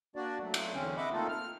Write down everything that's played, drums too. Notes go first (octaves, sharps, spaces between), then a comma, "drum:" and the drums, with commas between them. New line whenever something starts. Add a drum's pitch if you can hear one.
A#3 D4 F#4 D5
F#3 A3
drum: cymbal
E2 D3 C4 C#4
D#5 E5 F#5 B5 D6
A3 A#3 C4 D#4 F4 A4
F6